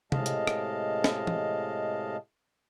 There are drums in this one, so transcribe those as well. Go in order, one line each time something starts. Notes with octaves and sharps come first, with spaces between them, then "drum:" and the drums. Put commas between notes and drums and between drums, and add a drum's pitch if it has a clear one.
A2 C3 G#3 D#5 F5 A5, drum: tom C3
drum: hi-hat
drum: rim click
drum: snare
drum: tom